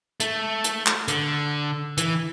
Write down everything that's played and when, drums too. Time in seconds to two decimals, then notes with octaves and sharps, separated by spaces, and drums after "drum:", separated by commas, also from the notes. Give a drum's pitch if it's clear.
0.20 A3, drum: hi-hat
0.64 drum: hi-hat
0.86 drum: clap
1.08 D3, drum: hi-hat
1.98 E3, drum: hi-hat